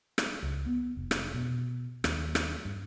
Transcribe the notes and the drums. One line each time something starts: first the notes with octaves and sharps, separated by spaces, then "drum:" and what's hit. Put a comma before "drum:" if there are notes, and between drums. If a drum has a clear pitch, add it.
drum: rim click
C#2
B3
F1
drum: rim click
B2
D#2, drum: rim click
drum: rim click
G2